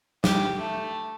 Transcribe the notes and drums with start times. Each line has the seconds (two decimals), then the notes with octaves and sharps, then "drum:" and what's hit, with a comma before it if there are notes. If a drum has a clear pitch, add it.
0.24 G4, drum: snare
0.59 A3